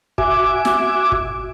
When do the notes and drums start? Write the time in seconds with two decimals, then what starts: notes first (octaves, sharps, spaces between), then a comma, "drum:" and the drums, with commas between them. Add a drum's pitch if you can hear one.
0.18 F#4 E5 G#5 D6, drum: kick
0.65 drum: snare
1.12 drum: kick